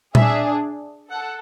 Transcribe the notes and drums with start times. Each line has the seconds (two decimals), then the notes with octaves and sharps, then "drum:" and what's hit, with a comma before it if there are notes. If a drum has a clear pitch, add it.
0.15 D4 G#4 E5, drum: tom A#2
1.10 A4 F#5